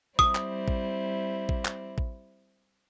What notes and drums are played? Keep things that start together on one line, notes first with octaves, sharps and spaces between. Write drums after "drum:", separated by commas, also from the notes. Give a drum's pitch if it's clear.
G3 C4 E4 D#6, drum: kick A1
drum: clap
drum: kick A1
drum: kick A1
drum: clap
drum: kick A1